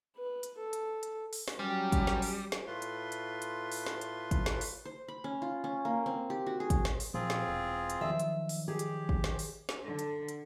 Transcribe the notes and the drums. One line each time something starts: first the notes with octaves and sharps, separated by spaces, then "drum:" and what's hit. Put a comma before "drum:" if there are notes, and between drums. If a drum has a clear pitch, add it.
B4
drum: hi-hat
A4
drum: hi-hat
drum: hi-hat
drum: open hi-hat
drum: snare
F#3 G3 C#4 G5
drum: kick, hi-hat
drum: snare
drum: open hi-hat
drum: snare
A2 A3 F4 B4 C6
drum: hi-hat
drum: hi-hat
drum: hi-hat
drum: open hi-hat
drum: snare
drum: hi-hat
drum: kick, hi-hat
drum: snare
drum: open hi-hat
C5
B5
C#4
F4
C#4
A#3
C4
G4
F#4
G#4
drum: kick, hi-hat
drum: snare
drum: open hi-hat
A#2 F3 C4 F4 G#4
drum: snare
E1
drum: hi-hat
D#3 F3 F#3 E5
drum: hi-hat
drum: open hi-hat
G4 G#4
drum: hi-hat
drum: kick
drum: snare
drum: open hi-hat
drum: snare
D3
drum: hi-hat
drum: hi-hat